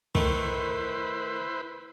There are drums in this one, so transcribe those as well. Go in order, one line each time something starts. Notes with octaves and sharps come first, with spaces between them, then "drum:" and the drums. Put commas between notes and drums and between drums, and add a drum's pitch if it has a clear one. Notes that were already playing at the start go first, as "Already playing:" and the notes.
D#3 A3 E4 B4 C5, drum: kick